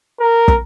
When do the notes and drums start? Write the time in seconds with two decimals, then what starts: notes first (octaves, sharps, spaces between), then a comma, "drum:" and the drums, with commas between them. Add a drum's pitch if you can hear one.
0.20 A#4
0.48 drum: kick